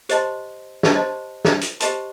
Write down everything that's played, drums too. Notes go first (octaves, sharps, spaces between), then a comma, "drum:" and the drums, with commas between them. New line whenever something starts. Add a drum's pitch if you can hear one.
G4 C5 D#5 A5 C6, drum: hi-hat
drum: snare
G4 C5 D#5 A5 C6
drum: snare
drum: hi-hat
G4 C5 D#5 A5 C6, drum: hi-hat